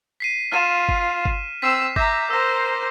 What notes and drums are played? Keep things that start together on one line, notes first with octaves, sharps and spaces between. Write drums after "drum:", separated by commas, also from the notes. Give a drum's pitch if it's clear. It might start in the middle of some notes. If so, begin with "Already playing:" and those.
B6 C7 D#7
F4 F6 D#7 E7
drum: kick G1
drum: kick G1
C4 E6 B6 C7 E7
E5 A#5 D6 G6 A#6, drum: kick G1
A#4 C5 E6 A#6